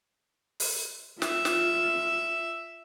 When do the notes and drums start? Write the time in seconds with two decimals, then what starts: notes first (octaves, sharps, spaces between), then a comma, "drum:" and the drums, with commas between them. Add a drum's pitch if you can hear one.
0.60 drum: open hi-hat
1.22 F4 E5, drum: snare
1.45 drum: snare